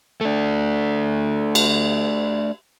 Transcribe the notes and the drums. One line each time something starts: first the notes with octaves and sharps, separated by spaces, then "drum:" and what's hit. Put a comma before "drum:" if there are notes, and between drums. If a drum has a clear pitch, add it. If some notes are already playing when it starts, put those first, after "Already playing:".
A3 D4
drum: cymbal